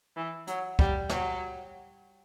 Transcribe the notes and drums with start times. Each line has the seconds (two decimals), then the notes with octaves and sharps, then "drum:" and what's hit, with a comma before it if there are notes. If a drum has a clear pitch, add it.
0.16 E3
0.47 F#3, drum: hi-hat
0.79 G3, drum: kick
1.09 F#3, drum: snare